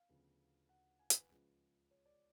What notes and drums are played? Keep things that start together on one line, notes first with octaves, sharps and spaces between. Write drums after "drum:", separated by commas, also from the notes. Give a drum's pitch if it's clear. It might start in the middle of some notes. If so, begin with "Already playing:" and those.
Already playing: F5
D2 C#3 F3 B3
F#5
G#5
G#5, drum: hi-hat
B4
C#2 C#3 F3 G#3
C#5
D5